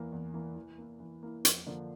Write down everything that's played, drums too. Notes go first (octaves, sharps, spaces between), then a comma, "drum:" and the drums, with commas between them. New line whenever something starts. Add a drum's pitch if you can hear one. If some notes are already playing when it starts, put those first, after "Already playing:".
Already playing: E2 E3 A#3
E2
E3 A#3
E3
A#3 E4
E3
A#3 E4
F2, drum: hi-hat
D3 F3 A#3 D4